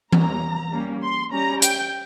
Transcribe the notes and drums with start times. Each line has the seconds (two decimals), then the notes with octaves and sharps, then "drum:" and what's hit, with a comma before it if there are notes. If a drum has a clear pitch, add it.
0.12 G3 A#3 C#4 A#5, drum: tom E3
0.73 G3 A#3 C#4
1.02 C6
1.32 G3 C#4 A#5
1.62 G5, drum: hi-hat